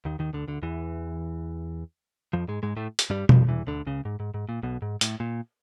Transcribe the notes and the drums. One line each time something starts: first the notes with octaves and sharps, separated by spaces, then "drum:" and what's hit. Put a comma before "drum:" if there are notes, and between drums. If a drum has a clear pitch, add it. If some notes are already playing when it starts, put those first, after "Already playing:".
D#2 D#3
D#2 D#3
D2 D3
D2 D3
E2 E3
F2 F3
G#2 G#3
G#2 G#3
A2 A3
drum: hi-hat
G2 G3
F2 F3, drum: tom B2
E2 E3
D2 D3
C#2 C#3
G#2
G#2
G#2
A#2
B1 B2
G#2
A2, drum: hi-hat
A#2